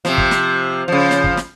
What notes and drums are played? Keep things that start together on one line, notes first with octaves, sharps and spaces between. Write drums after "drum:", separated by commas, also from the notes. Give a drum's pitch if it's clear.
C3 F3, drum: snare
drum: kick
drum: snare
C#3 F3
drum: snare
drum: kick
drum: snare